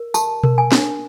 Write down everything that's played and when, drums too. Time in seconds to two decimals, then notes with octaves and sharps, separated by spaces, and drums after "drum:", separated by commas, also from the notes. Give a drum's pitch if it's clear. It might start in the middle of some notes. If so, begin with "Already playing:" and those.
Already playing: A#4
0.14 G4 A5, drum: tambourine
0.43 A#4, drum: tom B2
0.58 G#5
0.72 D4, drum: snare